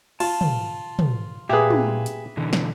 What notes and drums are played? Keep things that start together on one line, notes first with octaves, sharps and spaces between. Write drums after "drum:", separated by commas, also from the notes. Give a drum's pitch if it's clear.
F4 A5, drum: cymbal
drum: tom
drum: tom
A#2 G4 G#4 B4 E5 F5 G#5
drum: tom
drum: hi-hat
B2 D3 E3
drum: snare